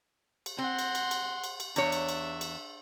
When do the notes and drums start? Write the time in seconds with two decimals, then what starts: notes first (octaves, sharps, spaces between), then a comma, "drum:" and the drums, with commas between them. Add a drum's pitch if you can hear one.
0.46 drum: cymbal
0.58 C4 F#5 C6
0.79 drum: cymbal
0.95 drum: cymbal
1.11 drum: cymbal
1.44 drum: cymbal
1.60 drum: cymbal
1.76 E2 D4 C#5 E5, drum: cymbal
1.92 drum: cymbal
2.09 drum: cymbal
2.41 drum: cymbal